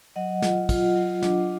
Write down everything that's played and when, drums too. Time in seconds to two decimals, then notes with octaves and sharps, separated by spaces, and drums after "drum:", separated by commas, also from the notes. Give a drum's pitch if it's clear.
0.16 F#3 D#5 F#5
0.42 F4, drum: snare
0.69 F4, drum: kick, cymbal
0.96 F#3
1.22 D4, drum: snare